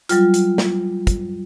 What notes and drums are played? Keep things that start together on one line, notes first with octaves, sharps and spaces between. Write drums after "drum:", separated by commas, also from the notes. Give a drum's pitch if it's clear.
F#3 G3 F4, drum: hi-hat
drum: hi-hat
drum: snare
drum: kick, hi-hat